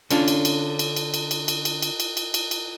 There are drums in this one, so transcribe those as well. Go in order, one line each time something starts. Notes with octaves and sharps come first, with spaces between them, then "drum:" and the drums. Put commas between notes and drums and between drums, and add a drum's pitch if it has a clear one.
D3 C#4 D4 F4, drum: cymbal
drum: cymbal
drum: cymbal
drum: cymbal
drum: cymbal
drum: cymbal
drum: cymbal
drum: cymbal
drum: cymbal
drum: cymbal
drum: cymbal
drum: cymbal
drum: cymbal
drum: cymbal